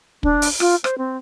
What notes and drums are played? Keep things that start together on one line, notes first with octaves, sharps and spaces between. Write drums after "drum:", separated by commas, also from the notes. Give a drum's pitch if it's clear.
D4, drum: kick
drum: open hi-hat
F4, drum: rim click
C5, drum: rim click
C4